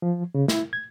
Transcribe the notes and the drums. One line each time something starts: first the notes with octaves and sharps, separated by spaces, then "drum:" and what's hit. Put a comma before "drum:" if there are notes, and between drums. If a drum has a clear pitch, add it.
F3
C#3
E4, drum: snare
G#6